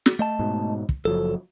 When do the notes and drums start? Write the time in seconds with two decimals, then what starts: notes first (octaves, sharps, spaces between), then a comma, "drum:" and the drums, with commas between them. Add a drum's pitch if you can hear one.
0.06 drum: snare
0.19 A3 D#5 A5
0.39 G#2 B2
0.89 drum: kick
1.05 F#1 F3 F#3 A4